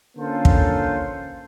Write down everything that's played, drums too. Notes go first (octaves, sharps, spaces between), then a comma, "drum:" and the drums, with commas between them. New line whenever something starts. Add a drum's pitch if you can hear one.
D3 A#3 C#4 F4 A4 C5
drum: kick